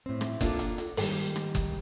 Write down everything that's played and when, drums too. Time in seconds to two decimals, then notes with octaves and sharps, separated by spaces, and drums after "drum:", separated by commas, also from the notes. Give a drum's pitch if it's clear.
0.06 A2 C4
0.21 drum: rim click
0.41 A#3 D4 F4 A4, drum: kick F#1, hi-hat
0.59 drum: hi-hat
0.78 drum: hi-hat
0.97 G#2 D#3 F3 G3 A#3, drum: open hi-hat
1.36 drum: rim click
1.55 drum: kick F#1, hi-hat